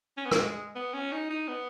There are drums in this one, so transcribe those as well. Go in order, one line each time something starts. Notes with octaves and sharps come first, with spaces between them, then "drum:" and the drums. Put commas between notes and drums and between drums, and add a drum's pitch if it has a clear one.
C#4
B3
A#3, drum: rim click
G#3
G#3
B3
C#4
D#4
D#4
B3